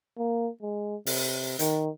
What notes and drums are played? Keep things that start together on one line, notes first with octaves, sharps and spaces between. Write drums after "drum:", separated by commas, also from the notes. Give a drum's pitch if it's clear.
A#3
G#3
C3, drum: open hi-hat
D#3, drum: hi-hat